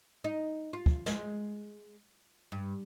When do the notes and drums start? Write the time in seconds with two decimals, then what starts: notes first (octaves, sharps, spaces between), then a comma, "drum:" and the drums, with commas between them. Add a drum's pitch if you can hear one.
0.24 D#4
0.73 F4
0.86 drum: kick
1.06 G#3, drum: snare
2.52 G2